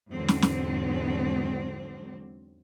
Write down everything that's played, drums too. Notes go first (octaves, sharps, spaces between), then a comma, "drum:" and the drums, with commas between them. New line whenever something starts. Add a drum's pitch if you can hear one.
E2 G#2 D3 F#3 C4
drum: snare
drum: snare